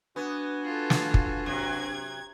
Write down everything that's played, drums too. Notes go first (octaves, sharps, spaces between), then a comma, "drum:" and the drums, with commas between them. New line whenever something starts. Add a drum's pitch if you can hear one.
B3 D4 F#4 B4 G#5
F4 A4
drum: snare
drum: kick
C3 F#3 G#6